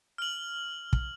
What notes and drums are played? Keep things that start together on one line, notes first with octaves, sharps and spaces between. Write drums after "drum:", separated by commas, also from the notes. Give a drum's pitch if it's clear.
F6 F#7
drum: kick